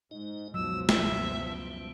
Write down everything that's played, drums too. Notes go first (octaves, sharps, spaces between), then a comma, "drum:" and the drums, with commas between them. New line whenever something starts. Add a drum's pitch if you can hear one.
G#2 D#4 D#5
C#2 F#2 B2 F3 F#3 E6
E5, drum: snare
G3 C#4